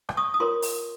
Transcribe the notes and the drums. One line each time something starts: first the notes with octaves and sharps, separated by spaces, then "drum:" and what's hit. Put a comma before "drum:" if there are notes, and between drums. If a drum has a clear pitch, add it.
D6, drum: rim click
C#6 D#6
D#6
F4 A#4 C#5 C6 D6
drum: open hi-hat